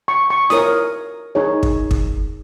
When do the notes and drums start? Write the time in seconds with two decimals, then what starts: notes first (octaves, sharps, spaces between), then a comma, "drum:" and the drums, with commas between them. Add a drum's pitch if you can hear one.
0.08 C#6
0.30 C#6
0.50 F4 A#4 C#5 D#6, drum: snare E4
1.35 D#4 G#4 C#5
1.63 drum: kick
1.91 drum: kick